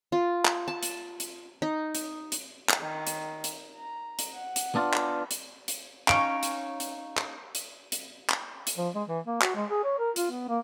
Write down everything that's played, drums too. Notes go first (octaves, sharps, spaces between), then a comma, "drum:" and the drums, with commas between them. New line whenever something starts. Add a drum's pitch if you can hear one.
F4
drum: clap
A5
drum: hi-hat
drum: hi-hat
D#4
drum: hi-hat
drum: hi-hat
drum: clap
D#3
drum: hi-hat
drum: hi-hat
A#5
drum: hi-hat
F#5
drum: hi-hat
B3 D4 F4
drum: clap
drum: hi-hat
drum: hi-hat
C#4 D#4 C#5 F5 D7, drum: clap
drum: hi-hat
drum: hi-hat
drum: clap
drum: hi-hat
drum: hi-hat
drum: clap
drum: hi-hat
F3
G#3
E3
A#3
F#4, drum: clap
G#3
G#4
C#5
A#4
F4, drum: hi-hat
B3
A#3